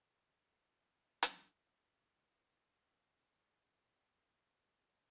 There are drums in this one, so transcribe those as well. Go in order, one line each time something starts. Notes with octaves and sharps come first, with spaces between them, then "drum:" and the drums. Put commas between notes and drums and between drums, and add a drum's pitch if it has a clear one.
B3 E4
drum: hi-hat
G4
G4
B4
D#5
G5
A#5